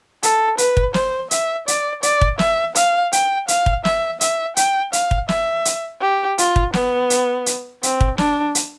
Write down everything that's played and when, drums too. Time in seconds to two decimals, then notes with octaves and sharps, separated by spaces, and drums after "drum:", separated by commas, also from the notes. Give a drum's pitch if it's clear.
0.23 A4, drum: hi-hat
0.58 B4, drum: hi-hat
0.77 drum: kick
0.94 C5, drum: snare
1.31 E5, drum: hi-hat
1.68 D5, drum: hi-hat
2.03 D5, drum: hi-hat
2.21 drum: kick
2.39 E5, drum: snare
2.75 F5, drum: hi-hat
3.12 G5, drum: hi-hat
3.48 F5, drum: hi-hat
3.66 drum: kick
3.85 E5, drum: snare
4.21 E5, drum: hi-hat
4.57 G5, drum: hi-hat
4.93 F5, drum: hi-hat
5.11 drum: kick
5.29 E5, drum: snare
5.65 drum: hi-hat
6.01 G4
6.38 F4, drum: hi-hat
6.56 drum: kick
6.74 B3, drum: snare
7.10 drum: hi-hat
7.46 drum: hi-hat
7.83 C4, drum: hi-hat
8.01 drum: kick
8.18 D4, drum: snare
8.55 drum: hi-hat